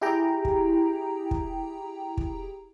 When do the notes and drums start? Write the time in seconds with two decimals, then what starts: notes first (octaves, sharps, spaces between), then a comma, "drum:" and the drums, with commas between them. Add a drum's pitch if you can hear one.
0.02 E4 G4 G#4 G5 A#5
0.45 drum: kick
1.31 drum: kick
2.17 drum: kick